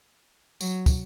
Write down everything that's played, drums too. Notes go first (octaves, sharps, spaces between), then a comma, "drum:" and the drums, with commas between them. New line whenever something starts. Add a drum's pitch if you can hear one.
F#3, drum: tambourine
drum: kick, tambourine